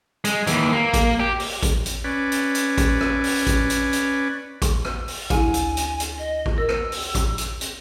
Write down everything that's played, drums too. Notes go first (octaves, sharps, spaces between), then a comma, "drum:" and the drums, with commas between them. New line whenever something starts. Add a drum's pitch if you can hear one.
G#3, drum: hi-hat
D#2 E3, drum: hi-hat
A#3
drum: kick A1, hi-hat
G4
drum: open hi-hat
drum: kick A1, hi-hat
drum: hi-hat
C#4 B4 D5
drum: hi-hat
drum: hi-hat
drum: kick A1, hi-hat
drum: rim click
drum: open hi-hat
drum: kick A1, hi-hat
drum: hi-hat
drum: hi-hat
drum: kick A1, hi-hat
drum: rim click
drum: open hi-hat
D2 E4 G#5, drum: kick A1, hi-hat
drum: hi-hat
drum: hi-hat
drum: hi-hat
D#5
drum: kick A1
A#4 E6
drum: rim click
drum: open hi-hat
drum: kick A1, hi-hat
drum: hi-hat
drum: hi-hat